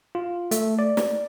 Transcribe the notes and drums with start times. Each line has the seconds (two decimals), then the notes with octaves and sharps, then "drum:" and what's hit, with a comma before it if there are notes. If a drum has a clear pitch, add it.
0.15 F4
0.51 A3, drum: hi-hat
0.79 D5
0.97 drum: snare